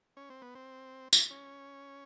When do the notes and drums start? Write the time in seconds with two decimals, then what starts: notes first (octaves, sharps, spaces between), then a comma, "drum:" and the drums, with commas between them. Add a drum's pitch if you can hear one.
0.17 C#4
0.30 C4
0.42 B3
0.55 C4
1.13 drum: tambourine
1.31 C#4